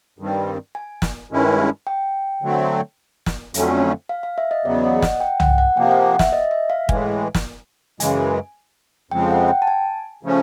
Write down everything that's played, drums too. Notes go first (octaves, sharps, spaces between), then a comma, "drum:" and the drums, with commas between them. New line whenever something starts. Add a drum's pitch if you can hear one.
G2 D#3 G3 C4
G#5
drum: snare
G2 D#3 G#3 C#4 E4
G5
D3 F#3 A3 C4
drum: snare
F2 D3 F#3 A3 C#4, drum: hi-hat
F5
F5
E5
D#5
E2 C#3 F#3 B3 D5
D#5
F#5, drum: snare
G5
F#5, drum: tom
F#5
C3 F3 A#3 G5
F#5
E5, drum: snare
D#5
E5
F5
A2 E3 G#3 G#5, drum: kick
drum: snare
F#2 C#3 E3 G#3 G#5, drum: hi-hat
F2 C#3 F3 G#3 C4 G5
F#5
G5
A5
G#5
C#3 F3 A3 C#4